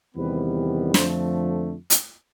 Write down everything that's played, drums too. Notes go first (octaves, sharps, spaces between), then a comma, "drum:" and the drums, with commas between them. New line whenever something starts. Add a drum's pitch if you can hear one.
E2 C3 D#3 G3 B3 B4
F2 D3 F3 A3 C5, drum: snare
drum: hi-hat